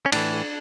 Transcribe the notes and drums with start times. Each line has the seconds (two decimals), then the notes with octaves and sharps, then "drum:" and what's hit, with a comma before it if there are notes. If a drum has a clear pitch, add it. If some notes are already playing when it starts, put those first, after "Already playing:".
0.06 C#4
0.12 A2 E3 D4, drum: cymbal